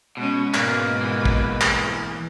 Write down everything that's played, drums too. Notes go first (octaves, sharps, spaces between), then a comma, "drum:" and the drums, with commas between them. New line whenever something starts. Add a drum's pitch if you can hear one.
B2 G#3 C#4
G#2 B2 A#3 B4, drum: clap
E3 A#3
drum: kick
drum: clap